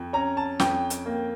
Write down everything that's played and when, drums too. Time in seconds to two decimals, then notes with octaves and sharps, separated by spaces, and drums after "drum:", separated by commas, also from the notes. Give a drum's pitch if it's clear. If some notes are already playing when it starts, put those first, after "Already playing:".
Already playing: F2
0.13 C#4 A#5
0.37 A5
0.60 F2 G5, drum: snare
0.90 drum: hi-hat
1.06 A#3